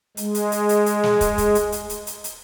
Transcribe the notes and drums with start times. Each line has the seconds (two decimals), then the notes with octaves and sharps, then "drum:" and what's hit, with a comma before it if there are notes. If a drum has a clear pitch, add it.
0.17 G#3, drum: hi-hat
0.35 drum: hi-hat
0.52 drum: hi-hat
0.69 drum: hi-hat
0.86 drum: hi-hat
1.03 drum: snare
1.21 drum: kick, hi-hat
1.38 drum: kick, hi-hat
1.55 drum: hi-hat
1.72 drum: hi-hat
1.90 drum: hi-hat
2.07 drum: hi-hat
2.24 drum: hi-hat